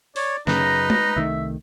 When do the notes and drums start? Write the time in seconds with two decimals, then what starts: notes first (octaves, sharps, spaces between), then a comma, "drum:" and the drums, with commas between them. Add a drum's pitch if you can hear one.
0.16 C#5 D5, drum: open hi-hat
0.47 F#2 C#3 D#4 B4 A#5, drum: snare
0.90 drum: tom G#3
1.16 C2 D#3 A3 E5